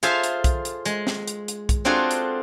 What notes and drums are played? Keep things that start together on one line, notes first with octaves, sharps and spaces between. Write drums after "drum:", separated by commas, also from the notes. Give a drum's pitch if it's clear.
F4 G#4 A4 C5 E5 F5, drum: hi-hat
drum: hi-hat
drum: kick B1, hi-hat
drum: hi-hat
G#3, drum: hi-hat
drum: snare
drum: hi-hat
drum: hi-hat
drum: kick B1, hi-hat
C4 D4 F4 F#4 G#4 A4
drum: hi-hat